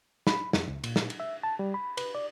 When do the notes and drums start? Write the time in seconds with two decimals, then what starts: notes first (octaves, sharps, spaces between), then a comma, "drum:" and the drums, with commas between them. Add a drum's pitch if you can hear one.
0.27 B5, drum: snare
0.53 F2, drum: snare
0.68 C#2
0.84 A#2, drum: cymbal
0.96 drum: snare
1.10 drum: cymbal
1.20 E5
1.43 A5
1.59 G3
1.74 B5
1.97 B4, drum: cymbal
2.15 D5